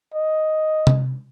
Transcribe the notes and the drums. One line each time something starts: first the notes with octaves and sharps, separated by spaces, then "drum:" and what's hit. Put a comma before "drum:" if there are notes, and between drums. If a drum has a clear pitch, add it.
D#5
drum: tom C3